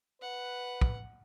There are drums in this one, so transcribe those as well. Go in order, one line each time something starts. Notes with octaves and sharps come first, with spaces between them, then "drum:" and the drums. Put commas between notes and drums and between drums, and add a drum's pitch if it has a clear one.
B4 F#5
drum: kick